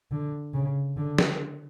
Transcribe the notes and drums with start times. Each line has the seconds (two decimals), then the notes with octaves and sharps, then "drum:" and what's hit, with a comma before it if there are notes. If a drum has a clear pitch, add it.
0.11 D3
0.54 C#3
0.97 D3
1.18 drum: snare